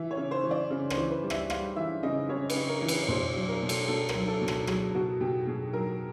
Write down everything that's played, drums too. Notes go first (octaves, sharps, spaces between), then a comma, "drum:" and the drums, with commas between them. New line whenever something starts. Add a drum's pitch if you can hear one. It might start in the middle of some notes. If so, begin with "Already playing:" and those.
Already playing: E3 E5
C#5
C#3
C5
E3
D5
C#3
C5, drum: rim click
E3
B4
G3
E5, drum: rim click
G3 F5, drum: rim click
E3 E5
C#3 D#5
C#3 C#5
B4, drum: cymbal
C#3
A#4
E3
B4, drum: cymbal
B2 C5, drum: tom
F#3
A#4
B2
A4, drum: cymbal
B2 A4
A#4, drum: rim click
F#3
A4
B2
A4, drum: rim click
F#3 G#4, drum: rim click
B2 F#4
B2 G4
B2 G#4
F#3 A#4